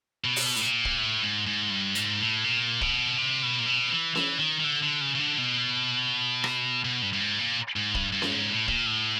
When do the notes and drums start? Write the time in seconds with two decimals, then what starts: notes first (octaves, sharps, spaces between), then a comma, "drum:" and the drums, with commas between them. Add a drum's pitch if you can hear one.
0.24 B2
0.36 drum: open hi-hat
0.56 A2, drum: hi-hat
0.61 A#2
0.85 drum: kick
0.98 A2
1.23 G#2
1.46 G#2
1.70 G2
1.95 G#2, drum: hi-hat
2.20 A2
2.44 A#2
2.81 B2, drum: kick
3.18 C3
3.43 B2
3.59 A#2
3.66 B2
3.91 E3
4.15 E3, drum: snare C#4
4.39 D#3
4.60 D#3
4.64 D3
4.83 D3
5.01 C#3
5.15 C#3
5.19 D3
5.38 B2
6.44 drum: rim click
6.85 B2
7.02 G2
7.13 G2
7.20 G#2
7.39 A#2
7.76 G#2
7.95 G2, drum: kick
8.12 G2
8.22 drum: snare C#4
8.32 G#2
8.50 A2
8.68 A#2, drum: kick
8.86 A2